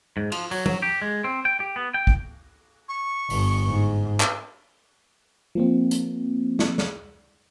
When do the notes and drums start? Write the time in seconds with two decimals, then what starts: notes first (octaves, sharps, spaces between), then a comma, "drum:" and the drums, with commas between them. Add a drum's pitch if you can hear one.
0.17 G#2
0.32 F3, drum: cymbal
0.51 F#3, drum: open hi-hat
0.66 F#3, drum: tom
0.82 G4
1.02 G#3
1.24 C4
1.45 G5
1.60 G4
1.76 B3
1.94 G5
2.07 drum: kick
2.89 C#6
3.30 G1, drum: open hi-hat
3.67 G#2
4.20 drum: clap
5.55 F3 A#3 C4
5.91 drum: hi-hat
6.59 drum: snare
6.78 drum: snare